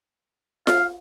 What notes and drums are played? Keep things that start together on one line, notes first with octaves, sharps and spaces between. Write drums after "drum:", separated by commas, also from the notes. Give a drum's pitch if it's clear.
F5, drum: snare F4